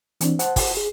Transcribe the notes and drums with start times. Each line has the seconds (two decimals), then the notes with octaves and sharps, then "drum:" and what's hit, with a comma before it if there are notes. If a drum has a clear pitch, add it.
0.21 E3 C4 D4, drum: hi-hat
0.39 C5 F#5 A5, drum: hi-hat
0.56 drum: kick, open hi-hat
0.77 G#4